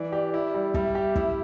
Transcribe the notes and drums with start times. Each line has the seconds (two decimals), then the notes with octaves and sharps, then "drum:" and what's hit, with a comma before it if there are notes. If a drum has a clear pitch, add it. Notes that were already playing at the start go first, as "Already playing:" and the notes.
Already playing: E3 D5
0.12 G4
0.34 E4
0.54 G3
0.74 G3 E5, drum: kick
0.95 G4
1.15 E4, drum: kick